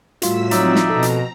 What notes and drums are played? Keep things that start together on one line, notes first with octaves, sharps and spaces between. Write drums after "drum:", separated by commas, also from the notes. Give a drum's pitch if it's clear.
A2 G3 F4 F#4 E6 B6, drum: hi-hat
F3 F#3 C4 D#4 D5 E5, drum: hi-hat
drum: snare
B2 A4 A#5
drum: hi-hat